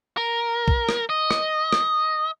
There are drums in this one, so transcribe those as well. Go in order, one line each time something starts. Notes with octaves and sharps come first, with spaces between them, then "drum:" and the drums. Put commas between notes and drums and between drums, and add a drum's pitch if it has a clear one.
A#4
drum: kick B1
drum: rim click
D#5
drum: rim click
drum: rim click